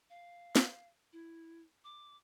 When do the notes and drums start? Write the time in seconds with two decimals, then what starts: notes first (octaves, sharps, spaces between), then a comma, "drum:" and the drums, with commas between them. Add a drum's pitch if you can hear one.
0.10 F5
0.56 drum: snare
1.13 E4
1.84 D6